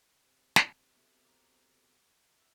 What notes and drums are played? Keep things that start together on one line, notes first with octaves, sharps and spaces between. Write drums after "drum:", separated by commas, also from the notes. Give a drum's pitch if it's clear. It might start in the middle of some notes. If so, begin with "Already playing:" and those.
C3
drum: snare
B3 F#4 A4 E5
A#5 D6
E5 E6